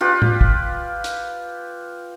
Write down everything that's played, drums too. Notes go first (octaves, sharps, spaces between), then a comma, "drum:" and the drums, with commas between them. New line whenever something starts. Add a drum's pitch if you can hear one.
F4 G4 B4
drum: tom
drum: kick
drum: hi-hat